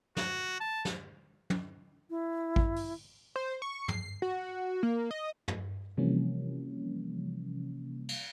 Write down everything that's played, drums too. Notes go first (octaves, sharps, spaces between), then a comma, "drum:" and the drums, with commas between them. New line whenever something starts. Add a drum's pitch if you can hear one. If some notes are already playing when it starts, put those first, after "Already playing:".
F#4, drum: snare
A5
drum: snare
drum: tom
E4
drum: kick A1
drum: open hi-hat
C5
C#6
C7, drum: tom
F#4
A#3
D#5
drum: tom
C3 E3 F3 G3 A#3 C#4
drum: cymbal